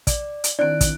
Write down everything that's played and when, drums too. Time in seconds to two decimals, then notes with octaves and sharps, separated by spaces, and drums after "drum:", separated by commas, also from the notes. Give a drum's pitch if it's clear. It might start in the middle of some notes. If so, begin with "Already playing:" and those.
0.07 D5, drum: kick, hi-hat
0.44 drum: hi-hat
0.59 D#3 C4 D4 E4 D5 F#6 D7
0.81 drum: kick, hi-hat